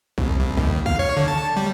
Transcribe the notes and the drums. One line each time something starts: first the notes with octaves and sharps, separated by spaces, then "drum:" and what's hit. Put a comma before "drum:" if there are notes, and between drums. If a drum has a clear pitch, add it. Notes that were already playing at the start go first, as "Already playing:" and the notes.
C2, drum: kick
C2
D#2, drum: kick
F5, drum: kick
C#5
D3
A5
G3